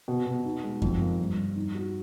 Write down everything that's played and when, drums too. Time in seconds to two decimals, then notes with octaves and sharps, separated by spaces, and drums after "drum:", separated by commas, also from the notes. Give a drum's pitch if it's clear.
0.08 B2
0.26 B2
0.45 D#4
0.64 G#3
0.82 F2, drum: kick F#2
1.01 A#3
1.19 G2
1.38 G2
1.56 D#4
1.75 F#4